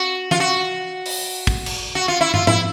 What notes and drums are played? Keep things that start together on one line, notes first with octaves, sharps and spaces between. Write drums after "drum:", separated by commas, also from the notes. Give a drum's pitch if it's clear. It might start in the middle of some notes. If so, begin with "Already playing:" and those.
Already playing: F#4
F4, drum: tom E3
F#4
drum: open hi-hat
drum: kick
drum: cymbal
F#4
F4
E4
F4, drum: tom
E4, drum: tom G#2